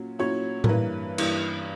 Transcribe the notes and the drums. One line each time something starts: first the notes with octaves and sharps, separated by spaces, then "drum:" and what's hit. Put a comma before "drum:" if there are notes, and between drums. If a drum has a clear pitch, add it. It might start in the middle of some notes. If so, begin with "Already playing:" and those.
Already playing: A#2 F#3 C#4
A#2 F#3 C#4 E4 C#5
A#4, drum: tom A2
G2 E3 A#3 E4 B4
G2 E3 A#3 E4, drum: cymbal